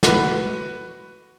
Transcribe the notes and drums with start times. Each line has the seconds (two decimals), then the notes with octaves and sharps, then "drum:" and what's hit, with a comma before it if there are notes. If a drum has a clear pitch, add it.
0.03 F#4 B4, drum: snare